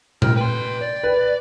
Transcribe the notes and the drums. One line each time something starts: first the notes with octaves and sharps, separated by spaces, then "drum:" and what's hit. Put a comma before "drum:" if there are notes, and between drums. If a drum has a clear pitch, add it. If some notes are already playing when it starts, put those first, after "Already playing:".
A#4 G5, drum: tom A#2
B4 G5 C6
D5
B4